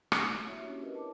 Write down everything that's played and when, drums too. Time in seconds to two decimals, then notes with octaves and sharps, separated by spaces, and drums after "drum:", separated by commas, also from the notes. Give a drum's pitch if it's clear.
0.12 A3, drum: rim click
0.31 C4
0.44 A#3 C4 E4 F#4 C#5 E5
0.60 C#4 D4 G4
0.82 E4 A#4 B4 C#5 D#5
0.95 A5 D6